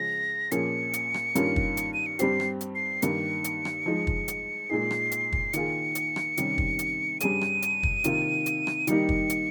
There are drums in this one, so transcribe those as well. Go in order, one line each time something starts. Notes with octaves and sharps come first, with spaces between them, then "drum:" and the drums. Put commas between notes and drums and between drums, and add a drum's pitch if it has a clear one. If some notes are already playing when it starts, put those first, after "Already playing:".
Already playing: C#3 F3 G#3 C#4 F4 A#6
A#2 F3 A#3 C#4 G#4 C#7, drum: hi-hat
drum: hi-hat
drum: rim click
G2 D#3 A#3 C#4 F4, drum: hi-hat
drum: kick
drum: hi-hat
D#7
C#7
G2 G3 C4 G4 C7, drum: hi-hat
drum: rim click
drum: hi-hat
C7
G2 D#3 A#3 C#7, drum: hi-hat
drum: hi-hat
drum: rim click
F3 G#3 D#4
drum: kick
drum: hi-hat
A#2 G#3 D#4 G#4 C7
drum: rim click
drum: hi-hat
drum: kick
D#3 A#3 F4 G#4 C#7, drum: hi-hat
drum: hi-hat
drum: rim click
C3 D#3 G3 C#4, drum: hi-hat
drum: kick
drum: hi-hat
G2 G3 C#4 G#4 D#7, drum: hi-hat
drum: rim click
drum: hi-hat
drum: kick
C3 D#3 A#3 F4, drum: hi-hat
drum: hi-hat
drum: rim click
D#3 G3 A#3 D#4 G4 C#7, drum: hi-hat
drum: kick
drum: hi-hat